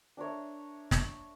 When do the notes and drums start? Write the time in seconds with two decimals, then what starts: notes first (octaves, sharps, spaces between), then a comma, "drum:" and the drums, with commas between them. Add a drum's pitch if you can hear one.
0.17 D4 A#4 C#5 E5
0.91 drum: snare